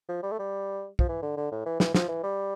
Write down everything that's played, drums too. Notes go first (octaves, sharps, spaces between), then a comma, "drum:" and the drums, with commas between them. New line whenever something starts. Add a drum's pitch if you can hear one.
F3
G3
A3
G3
F3, drum: kick
E3
D3
D3
A2
E3
E3, drum: snare
F3, drum: snare
E3
G3